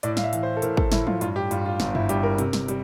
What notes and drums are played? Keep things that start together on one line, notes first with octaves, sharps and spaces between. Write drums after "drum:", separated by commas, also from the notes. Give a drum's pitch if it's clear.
A2 D5, drum: hi-hat
F5, drum: snare
E5
E3, drum: hi-hat
C5
A4
A2 A#4, drum: hi-hat
A4, drum: kick
A2 E4, drum: snare
F4, drum: tom F3
G2 F4, drum: hi-hat
G4
G2 F4, drum: hi-hat
F4
G1 F4, drum: snare
E4, drum: tom G2
G2 G4, drum: hi-hat
A#4
C3, drum: hi-hat
drum: snare
G3, drum: hi-hat